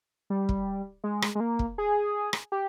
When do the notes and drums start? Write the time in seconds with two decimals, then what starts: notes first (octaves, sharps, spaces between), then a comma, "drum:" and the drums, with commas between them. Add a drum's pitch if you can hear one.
0.30 G3
0.49 drum: kick
1.04 G#3
1.22 drum: rim click
1.35 G#3
1.40 A#3
1.59 drum: kick
1.78 G#4
2.33 drum: rim click
2.52 G4